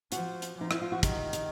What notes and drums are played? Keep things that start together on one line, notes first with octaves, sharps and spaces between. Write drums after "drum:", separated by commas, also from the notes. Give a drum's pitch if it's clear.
F3 F#4, drum: hi-hat
drum: hi-hat
F3 D#4
E4, drum: rim click
F4
F#4
D#3 G4, drum: kick, hi-hat
G4, drum: hi-hat